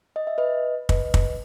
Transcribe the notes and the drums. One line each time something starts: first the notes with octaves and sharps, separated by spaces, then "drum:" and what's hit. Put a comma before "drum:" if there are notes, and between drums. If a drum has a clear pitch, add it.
D#5
E5
B4 D#5
B4 D#5, drum: kick
drum: kick